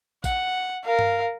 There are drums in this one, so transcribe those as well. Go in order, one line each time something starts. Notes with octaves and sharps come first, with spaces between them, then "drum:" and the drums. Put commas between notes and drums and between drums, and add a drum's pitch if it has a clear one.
F#5, drum: kick, tambourine
A#4 F5
drum: tom G2